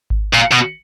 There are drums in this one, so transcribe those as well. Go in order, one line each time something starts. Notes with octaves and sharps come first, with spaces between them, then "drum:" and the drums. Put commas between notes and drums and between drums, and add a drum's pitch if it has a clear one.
drum: kick G#1
A#2
B2